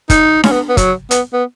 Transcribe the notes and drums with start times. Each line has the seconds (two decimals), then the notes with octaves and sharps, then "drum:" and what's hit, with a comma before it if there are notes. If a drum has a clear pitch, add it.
0.10 D#4, drum: kick, hi-hat
0.44 C#4, drum: snare D4
0.52 B3
0.69 B3
0.77 F#3, drum: kick, hi-hat
1.11 B3, drum: hi-hat
1.33 B3